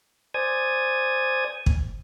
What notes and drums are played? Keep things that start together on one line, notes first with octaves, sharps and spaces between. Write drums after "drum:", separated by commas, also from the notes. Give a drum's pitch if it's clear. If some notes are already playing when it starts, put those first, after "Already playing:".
C5 D5 G#5 D#6 G#6
drum: kick